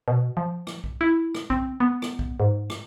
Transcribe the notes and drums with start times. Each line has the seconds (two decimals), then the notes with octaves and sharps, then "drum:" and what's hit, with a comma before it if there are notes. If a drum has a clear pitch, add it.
0.08 B2
0.37 F3
0.67 drum: rim click
0.84 drum: kick B1
1.01 E4
1.35 drum: rim click
1.50 C4, drum: kick B1
1.80 B3
2.02 drum: rim click
2.19 drum: kick B1
2.40 G#2
2.70 drum: rim click